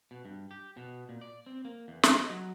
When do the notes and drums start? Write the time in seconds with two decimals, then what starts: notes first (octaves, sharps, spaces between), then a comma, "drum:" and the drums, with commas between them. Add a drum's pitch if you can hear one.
0.11 B2
0.25 G2
0.51 G4
0.77 B2
1.09 A#2
1.21 D5
1.46 C4
1.65 A#3
1.88 E2
2.03 E5, drum: snare
2.16 D#5
2.30 F#3